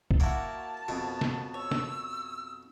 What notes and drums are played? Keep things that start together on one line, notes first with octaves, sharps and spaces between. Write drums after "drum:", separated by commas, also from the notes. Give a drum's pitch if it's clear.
drum: kick
A#3 E4 F#4 A#4 A5
F2 B2
drum: snare
C#5 E6
drum: snare